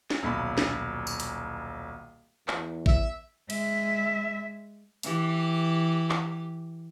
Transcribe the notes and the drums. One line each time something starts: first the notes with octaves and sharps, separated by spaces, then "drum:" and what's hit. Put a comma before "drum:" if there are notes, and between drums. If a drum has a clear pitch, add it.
drum: snare
D#1 B1 B5
drum: snare
drum: tambourine
drum: hi-hat
E2, drum: clap
E5, drum: kick A1
G#3 E5, drum: cymbal
E3 G4, drum: hi-hat
drum: clap